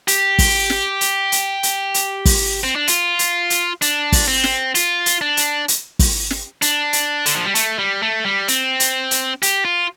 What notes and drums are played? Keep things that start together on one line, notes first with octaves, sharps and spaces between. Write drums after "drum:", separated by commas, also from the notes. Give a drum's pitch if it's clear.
G4, drum: hi-hat
drum: kick, open hi-hat
drum: snare
drum: hi-hat
drum: hi-hat
drum: hi-hat
drum: hi-hat
drum: kick, open hi-hat
C4
D4
F4, drum: hi-hat
drum: hi-hat
drum: hi-hat
D4, drum: hi-hat
drum: kick, open hi-hat
C4
drum: snare
F4, drum: hi-hat
drum: hi-hat
D4
drum: hi-hat
drum: hi-hat
drum: kick, open hi-hat
drum: snare
D4, drum: hi-hat
drum: hi-hat
D3, drum: hi-hat
F3
G3
A3, drum: hi-hat
G3
A3
G3
C4, drum: hi-hat
drum: hi-hat
drum: hi-hat
G4, drum: hi-hat
F4